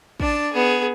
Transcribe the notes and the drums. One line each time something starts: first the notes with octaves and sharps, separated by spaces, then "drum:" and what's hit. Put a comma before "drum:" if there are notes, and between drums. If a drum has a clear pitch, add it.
D4 A5, drum: kick
B3 G#4